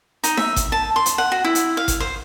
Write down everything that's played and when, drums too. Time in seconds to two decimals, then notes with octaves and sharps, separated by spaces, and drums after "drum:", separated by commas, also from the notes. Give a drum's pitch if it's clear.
0.24 D#4, drum: hi-hat
0.37 E5, drum: snare D#4
0.56 drum: kick G#1, hi-hat
0.72 A5
0.96 C6
1.06 drum: hi-hat
1.18 F#5
1.32 F#4
1.44 E4
1.55 drum: hi-hat
1.77 F5
1.88 drum: kick G#1, hi-hat
2.00 C5